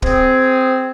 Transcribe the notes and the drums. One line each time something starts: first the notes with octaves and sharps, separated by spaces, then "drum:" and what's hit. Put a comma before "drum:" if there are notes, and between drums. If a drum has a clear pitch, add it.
C4 G#4, drum: kick